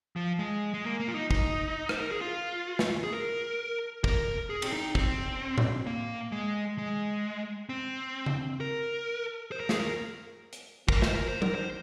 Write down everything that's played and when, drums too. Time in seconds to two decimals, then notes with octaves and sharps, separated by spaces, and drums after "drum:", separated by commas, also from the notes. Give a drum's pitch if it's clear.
0.16 F3
0.39 G#3
0.74 G#3
0.85 A#3
1.00 A#3
1.08 F4
1.15 D#4
1.31 D#4, drum: kick
1.89 C5, drum: rim click
2.00 A#4
2.11 G#4
2.21 F4
2.79 drum: snare
3.04 G#4
3.13 A#4
4.04 A#4, drum: kick
4.50 G#4
4.62 C4, drum: cymbal
4.73 D#4
4.95 C4, drum: kick
5.58 drum: tom A2
5.87 A#3
6.32 G#3
6.78 G#3
7.69 C4
8.26 drum: tom C#3
8.60 A#4
9.52 C5
9.60 A#4
9.69 G#4, drum: snare
9.78 A#4
10.53 drum: hi-hat
10.89 A#4, drum: kick
11.02 C5, drum: snare
11.15 A#4
11.28 C5
11.42 A#4, drum: tom F#3
11.55 C5